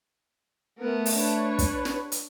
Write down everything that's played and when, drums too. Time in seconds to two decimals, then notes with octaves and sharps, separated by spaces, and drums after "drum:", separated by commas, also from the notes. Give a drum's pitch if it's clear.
0.79 A3 B3 A#4
1.06 drum: open hi-hat
1.17 D4 B4 C#5
1.59 drum: kick, hi-hat
1.85 drum: snare
2.12 drum: hi-hat